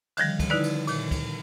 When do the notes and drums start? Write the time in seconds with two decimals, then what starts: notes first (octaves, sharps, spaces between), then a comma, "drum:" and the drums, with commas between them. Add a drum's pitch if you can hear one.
0.17 D3 D#3 F3 G3, drum: cymbal
0.40 drum: kick, cymbal
0.50 D3 D#4 E4 B4 D5
0.64 drum: cymbal
0.87 A#2 D#3, drum: cymbal
1.11 drum: kick, cymbal